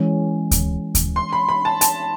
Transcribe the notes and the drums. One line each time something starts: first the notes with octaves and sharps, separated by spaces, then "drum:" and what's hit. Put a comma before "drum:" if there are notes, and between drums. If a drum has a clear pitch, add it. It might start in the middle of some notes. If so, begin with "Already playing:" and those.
Already playing: E3 G#3 C#4
drum: kick D2, hi-hat
drum: kick D2, hi-hat
C6
B5
B5
A5
A5, drum: hi-hat